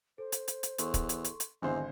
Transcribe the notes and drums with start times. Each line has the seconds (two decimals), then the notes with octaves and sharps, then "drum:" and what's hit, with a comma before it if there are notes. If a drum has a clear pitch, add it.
0.18 A4 C5
0.32 drum: hi-hat
0.48 drum: hi-hat
0.63 drum: hi-hat
0.79 E2 A4 C6 C#6, drum: hi-hat
0.94 drum: kick, hi-hat
1.09 drum: hi-hat
1.25 drum: hi-hat
1.40 drum: hi-hat
1.62 G#1 E2 D3 D4 C5 D#5 G#5